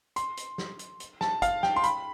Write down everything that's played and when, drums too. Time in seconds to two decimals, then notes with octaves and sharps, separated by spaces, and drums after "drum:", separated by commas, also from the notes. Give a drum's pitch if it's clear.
0.16 C6, drum: hi-hat
0.37 drum: hi-hat
0.58 drum: snare
0.79 drum: hi-hat
1.00 drum: hi-hat
1.21 A5, drum: snare
1.42 F5, drum: kick, hi-hat
1.63 G5, drum: snare
1.76 C6
1.84 B5, drum: hi-hat